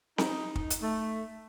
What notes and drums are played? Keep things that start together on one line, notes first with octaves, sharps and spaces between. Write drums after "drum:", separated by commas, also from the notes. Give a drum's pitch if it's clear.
D#4, drum: snare C4
drum: kick
drum: hi-hat
A3